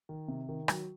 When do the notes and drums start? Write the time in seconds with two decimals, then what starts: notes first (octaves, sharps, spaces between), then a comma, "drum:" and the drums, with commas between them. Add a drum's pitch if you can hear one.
0.09 D#3
0.28 C3
0.49 D#3
0.68 F#3, drum: rim click